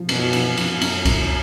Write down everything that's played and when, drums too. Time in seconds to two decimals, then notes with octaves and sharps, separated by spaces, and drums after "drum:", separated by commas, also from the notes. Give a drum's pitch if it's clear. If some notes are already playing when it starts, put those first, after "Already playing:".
Already playing: F3
0.09 F#2 B2, drum: cymbal
0.33 F3, drum: cymbal
0.57 F3, drum: cymbal
0.81 F#2, drum: cymbal
1.05 F#2, drum: kick C2, cymbal